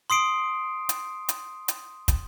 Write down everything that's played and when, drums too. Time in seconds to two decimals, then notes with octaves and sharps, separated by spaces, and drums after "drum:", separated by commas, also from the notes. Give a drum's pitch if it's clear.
0.10 C6 D#6 C7 D7
0.89 drum: hi-hat
1.29 drum: hi-hat
1.68 drum: hi-hat
2.08 drum: kick, hi-hat